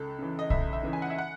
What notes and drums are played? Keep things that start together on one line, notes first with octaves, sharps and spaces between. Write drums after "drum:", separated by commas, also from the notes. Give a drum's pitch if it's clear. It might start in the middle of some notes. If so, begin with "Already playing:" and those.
Already playing: C#2 A4
C#3 E3
D#5
C#2 E5, drum: kick A#1
E5
C#3 E3
G#5
F#5
E5
F#5